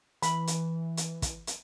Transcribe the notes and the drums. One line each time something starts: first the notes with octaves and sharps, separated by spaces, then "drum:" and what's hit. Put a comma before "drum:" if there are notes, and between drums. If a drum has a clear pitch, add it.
E3 B5, drum: hi-hat
drum: hi-hat
drum: hi-hat
drum: kick, hi-hat
drum: hi-hat